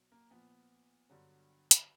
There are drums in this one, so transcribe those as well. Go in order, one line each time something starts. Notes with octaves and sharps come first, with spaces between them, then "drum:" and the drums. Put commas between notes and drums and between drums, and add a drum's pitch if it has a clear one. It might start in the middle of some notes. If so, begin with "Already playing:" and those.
Already playing: B2 F#3
A#3
A#2 F3 B3
G2 D3 F#3
drum: hi-hat